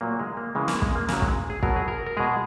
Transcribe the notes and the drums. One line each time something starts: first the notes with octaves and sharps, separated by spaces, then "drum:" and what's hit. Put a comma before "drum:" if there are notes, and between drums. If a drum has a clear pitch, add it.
A#2 F#3 A#3
G#3
A#3
C#3 E3 G#3
A#3, drum: snare
G#3, drum: kick
A#3
C#3 F#3 A#3, drum: snare
G#3, drum: kick
G#4
B2 F#3 A#4, drum: kick
G#4
A#4
A#4
B2 G#3 G#4